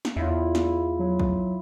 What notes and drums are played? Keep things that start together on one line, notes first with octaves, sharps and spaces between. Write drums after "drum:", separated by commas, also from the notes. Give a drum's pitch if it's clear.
drum: snare
E2 E4 F4
drum: snare
F#3
drum: kick